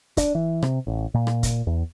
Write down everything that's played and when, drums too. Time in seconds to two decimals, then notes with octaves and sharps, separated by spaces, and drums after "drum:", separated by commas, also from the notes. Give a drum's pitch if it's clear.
0.17 D4, drum: kick, hi-hat
0.35 E3
0.62 C3, drum: rim click
0.87 A1
1.14 A#2
1.27 drum: rim click
1.43 drum: kick, hi-hat
1.67 E2